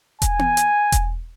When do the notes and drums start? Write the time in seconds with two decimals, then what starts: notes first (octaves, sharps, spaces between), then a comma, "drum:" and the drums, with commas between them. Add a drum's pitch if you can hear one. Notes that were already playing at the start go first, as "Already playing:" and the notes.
0.22 G#5, drum: kick E1, hi-hat
0.39 drum: tom B3
0.57 drum: hi-hat
0.92 drum: kick E1, hi-hat